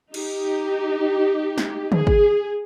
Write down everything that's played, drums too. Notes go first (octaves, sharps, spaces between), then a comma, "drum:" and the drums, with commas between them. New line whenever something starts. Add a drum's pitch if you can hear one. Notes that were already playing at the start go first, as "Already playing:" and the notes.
D#4 G4, drum: cymbal
drum: snare
G#4, drum: tom
drum: kick